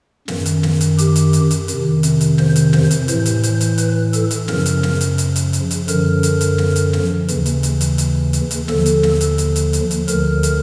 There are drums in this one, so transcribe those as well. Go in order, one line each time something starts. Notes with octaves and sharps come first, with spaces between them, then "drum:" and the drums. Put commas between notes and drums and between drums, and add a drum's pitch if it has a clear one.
F#2 D#3, drum: snare
drum: hi-hat
drum: snare
drum: hi-hat
G4, drum: hi-hat
drum: hi-hat
drum: hi-hat
drum: hi-hat
F2 C3 D#3, drum: hi-hat
drum: hi-hat
drum: hi-hat
C5, drum: snare
drum: hi-hat
C5, drum: snare
drum: hi-hat
A2 E3 C5, drum: hi-hat
drum: hi-hat
C5, drum: hi-hat
drum: hi-hat
B4, drum: hi-hat
A4, drum: hi-hat
drum: hi-hat
F#2 C#3 F3 A#4, drum: snare
drum: hi-hat
drum: snare
drum: hi-hat
drum: hi-hat
drum: hi-hat
drum: hi-hat
drum: hi-hat
F#2 D3 F3 A#4, drum: hi-hat
drum: hi-hat
drum: hi-hat
drum: snare
drum: hi-hat
drum: snare
D#2 C#3 E3, drum: hi-hat
drum: hi-hat
drum: hi-hat
drum: hi-hat
drum: hi-hat
drum: hi-hat
drum: hi-hat
D#2 D3 F3 A4, drum: snare
drum: hi-hat
drum: snare
drum: hi-hat
drum: hi-hat
drum: hi-hat
drum: hi-hat
drum: hi-hat
D2 D3 F3 A#4, drum: hi-hat
drum: hi-hat